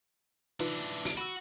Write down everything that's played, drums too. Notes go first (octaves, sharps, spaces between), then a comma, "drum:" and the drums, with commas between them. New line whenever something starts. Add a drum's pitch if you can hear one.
E3 D4 D#4 F4 B4
drum: open hi-hat
F#4 B5 E6